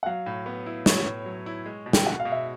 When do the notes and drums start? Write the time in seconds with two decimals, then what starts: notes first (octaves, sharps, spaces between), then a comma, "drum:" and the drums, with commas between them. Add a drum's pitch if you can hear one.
0.03 F#5
0.06 F#3 F5
0.26 A2
0.46 B3
0.66 E4
0.86 A2 C#5, drum: snare
1.06 A2
1.26 F#3
1.46 E4
1.66 G#3
1.86 B2
1.93 G5, drum: snare
2.06 F#4 F#5
2.20 F5
2.25 B2
2.32 E5